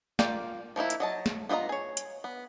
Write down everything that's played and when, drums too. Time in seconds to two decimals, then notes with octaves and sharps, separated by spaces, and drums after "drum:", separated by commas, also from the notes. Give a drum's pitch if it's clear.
0.19 A#3 F4 D5 G5, drum: snare
0.76 F3 A#3 D#4 E4
0.90 drum: hi-hat
1.00 F#3 D#5 A5
1.26 drum: snare
1.49 B3 F4 C5 D#5 A#5
1.69 G#4 C#5
1.97 drum: hi-hat
2.24 B3